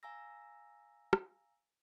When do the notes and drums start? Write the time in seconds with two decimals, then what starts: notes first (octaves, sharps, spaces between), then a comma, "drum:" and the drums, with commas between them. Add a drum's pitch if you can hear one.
0.03 F5 G#5 A#5 E6 A#6
1.13 drum: rim click